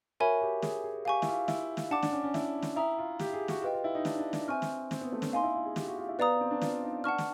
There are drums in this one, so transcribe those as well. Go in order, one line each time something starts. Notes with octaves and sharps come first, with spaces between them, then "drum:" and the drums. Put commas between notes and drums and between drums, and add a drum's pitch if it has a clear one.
F#4 A#4 C#5 E5 G#5 B5
G4
G#4, drum: snare
G#4
G4 F5 G#5 C#6
E4, drum: snare
F4
E4, drum: snare
drum: snare
D4 F#5 A5 D6
D4, drum: snare
C#4
C#4
E4, drum: snare
drum: snare
E4 E5 G5 A#5 D#6
F4
G4, drum: snare
G#4
F#4, drum: snare
F4 G4 B4 D#5 G5
F4
E4
D#4
D4, drum: snare
D4
D4, drum: snare
C4 E5 G#5 C#6 F6
drum: snare
C4, drum: snare
B3
A3
C#4, drum: snare
D#4 F5 G#5 C6
E4
F4
G#4
G4, drum: snare
F#4
F4
E4
B3 B4 D5 F5 A#5 D#6
C4
D4
F4, drum: snare
D#4
D4 F#5 A5 C#6 F6
drum: snare